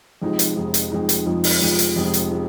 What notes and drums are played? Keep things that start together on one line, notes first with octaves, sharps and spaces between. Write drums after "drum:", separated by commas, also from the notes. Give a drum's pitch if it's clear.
F1 F2 F3 G#3 D#4
drum: hi-hat
F1 F2 F3 G#3 D#4
drum: hi-hat
F1 F2 F3 G#3 D#4
drum: hi-hat
F1 F2 F3 G#3 D#4
drum: open hi-hat
F1 F2 F3 G#3
drum: hi-hat
F1 F2 F3 G#3
drum: hi-hat
F3 G#3